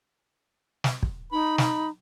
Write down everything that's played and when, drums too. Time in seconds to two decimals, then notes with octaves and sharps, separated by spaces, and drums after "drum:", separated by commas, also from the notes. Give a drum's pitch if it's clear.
0.84 drum: snare
1.03 drum: kick
1.32 D#4 B5
1.58 B5, drum: snare